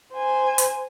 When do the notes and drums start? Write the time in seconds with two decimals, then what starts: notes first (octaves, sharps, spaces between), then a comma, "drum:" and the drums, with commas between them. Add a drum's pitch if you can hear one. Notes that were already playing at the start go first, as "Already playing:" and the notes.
0.13 C5 G#5
0.58 drum: hi-hat